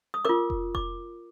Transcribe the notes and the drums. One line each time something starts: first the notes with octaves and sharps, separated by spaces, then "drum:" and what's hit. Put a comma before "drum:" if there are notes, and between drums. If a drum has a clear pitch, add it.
D#6
F4 A#4 D6
drum: kick F1
D6, drum: kick F1